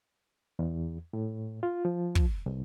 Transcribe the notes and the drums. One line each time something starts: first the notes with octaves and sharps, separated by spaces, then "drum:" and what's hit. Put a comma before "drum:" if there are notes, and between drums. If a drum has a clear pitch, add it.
E2
A2
F4
F3
drum: kick
C2